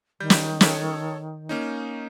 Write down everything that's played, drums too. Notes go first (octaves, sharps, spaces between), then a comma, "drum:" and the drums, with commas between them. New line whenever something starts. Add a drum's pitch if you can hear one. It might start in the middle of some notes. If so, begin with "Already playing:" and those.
D#3 G3 G6
drum: snare
A4 C#5, drum: snare
A#3 C#4 D#4